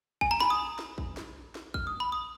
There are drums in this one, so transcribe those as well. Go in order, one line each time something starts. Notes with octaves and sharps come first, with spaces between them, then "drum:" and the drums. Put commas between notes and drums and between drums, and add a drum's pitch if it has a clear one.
G#5, drum: kick
A#5
B5, drum: snare
D#6
drum: snare
drum: kick
drum: snare
drum: snare
F6, drum: kick
D#6
B5
D#6